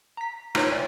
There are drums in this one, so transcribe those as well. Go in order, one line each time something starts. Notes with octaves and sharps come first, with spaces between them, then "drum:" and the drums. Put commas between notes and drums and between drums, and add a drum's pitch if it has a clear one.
A#5 B6
A3 D#4 F4 B4 C#5, drum: rim click
C#5 D5 E5 G5 G#5